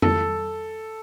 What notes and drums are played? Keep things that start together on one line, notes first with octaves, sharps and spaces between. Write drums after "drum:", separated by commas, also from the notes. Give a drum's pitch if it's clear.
A4, drum: tom